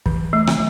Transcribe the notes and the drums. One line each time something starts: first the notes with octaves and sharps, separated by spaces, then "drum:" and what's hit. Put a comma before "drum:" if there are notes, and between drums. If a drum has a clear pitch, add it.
E3, drum: kick
A3
drum: rim click